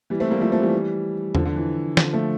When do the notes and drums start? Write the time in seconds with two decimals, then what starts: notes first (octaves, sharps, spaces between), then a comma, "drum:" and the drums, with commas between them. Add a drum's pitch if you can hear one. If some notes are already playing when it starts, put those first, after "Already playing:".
0.10 E3 G3
0.20 A3 C4
0.31 G3 A#3
0.41 F3 A3
0.52 F3 A3
0.62 E3 G3
1.35 D3 F3, drum: tom E2
1.45 D3
1.56 E3
1.97 D3 F3, drum: snare
2.13 F3 A3